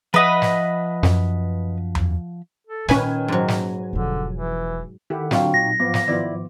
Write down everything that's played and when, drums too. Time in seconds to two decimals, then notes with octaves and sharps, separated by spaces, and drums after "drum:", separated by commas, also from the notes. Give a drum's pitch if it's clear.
0.14 F3 B4 D#5 E5 F#5
0.42 drum: snare
1.03 F#2, drum: snare
1.95 drum: tom E2
2.67 A4
2.88 A#2 D#3 C#4 B4 G#5, drum: snare
3.28 G#2 F#3
3.48 drum: snare
3.93 E1 D3 F3
4.34 E3
5.10 D#3 E4 G4 A4 F#5
5.31 D3 F#3 C4 D4 F4 F#4 F5 G5, drum: snare
5.54 A#2 D#4 A#6
5.80 G#2 F3 B3 F5 D6
5.94 drum: snare
6.08 D#3 B3 E4 F4 D5